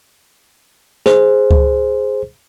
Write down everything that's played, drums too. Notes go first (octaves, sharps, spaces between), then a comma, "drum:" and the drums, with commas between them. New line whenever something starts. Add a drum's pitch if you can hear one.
G#4 C5, drum: snare
drum: kick C#2